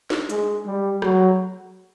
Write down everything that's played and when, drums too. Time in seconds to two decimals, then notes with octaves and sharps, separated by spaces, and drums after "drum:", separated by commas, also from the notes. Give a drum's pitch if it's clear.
0.10 drum: snare
0.30 G#3, drum: hi-hat
0.66 G3
1.02 F#3, drum: rim click